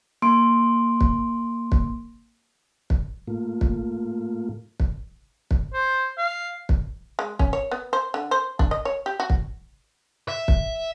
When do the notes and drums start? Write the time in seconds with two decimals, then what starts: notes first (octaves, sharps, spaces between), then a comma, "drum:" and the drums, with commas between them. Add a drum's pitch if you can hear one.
0.22 A#3 C6 D7
1.01 drum: kick
1.72 drum: kick
2.90 drum: kick
3.27 A2 A3 A#3 F4
3.61 drum: kick
4.80 drum: kick
5.51 drum: kick
5.73 C5
6.17 F5
6.69 drum: kick
7.19 G#3
7.39 C#4, drum: kick
7.53 C#5
7.71 B3
7.93 C5
8.14 D3
8.31 C5
8.59 D4, drum: kick
8.71 D#5
8.85 C#5
9.06 G4
9.20 F#4
9.30 drum: kick
10.28 E5
10.48 drum: kick